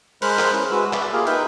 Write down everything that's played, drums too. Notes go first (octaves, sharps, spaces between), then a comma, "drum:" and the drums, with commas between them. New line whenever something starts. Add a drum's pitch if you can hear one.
G#3 A#4 C5 B5 F#6, drum: open hi-hat
drum: clap
C#4 E4 B4 F#6
G#3 F#4 B4 E6
D5 E5 B5, drum: clap
A#3 F4 G4 G#4 A#4
D#4 B4 E5 G5, drum: hi-hat